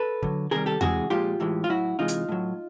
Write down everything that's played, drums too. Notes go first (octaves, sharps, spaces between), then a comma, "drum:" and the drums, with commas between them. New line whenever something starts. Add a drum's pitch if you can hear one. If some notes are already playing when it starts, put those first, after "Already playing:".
Already playing: A4 B4
D3 F#3, drum: kick
C3 D#3 G3 G#4 A#4
G4 A4
C3 E3 G#3 F#4 G#4, drum: tom E2
A#2 F3 G#3 F4 G4
A2 E3 G#3
F4
A2 F#3 E4 F#4
C3 E3 G#3 D#4 F4
drum: hi-hat
A2 F#3